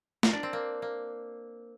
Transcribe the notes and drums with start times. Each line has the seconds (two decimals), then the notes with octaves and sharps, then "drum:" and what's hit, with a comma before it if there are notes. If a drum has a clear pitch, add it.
0.23 A#4, drum: snare
0.33 D4
0.43 C4
0.53 A#3
0.82 A#3